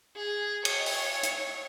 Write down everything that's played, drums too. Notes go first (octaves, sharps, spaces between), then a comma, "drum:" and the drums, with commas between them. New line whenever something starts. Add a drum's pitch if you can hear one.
G#4
C#5, drum: cymbal
drum: open hi-hat
drum: hi-hat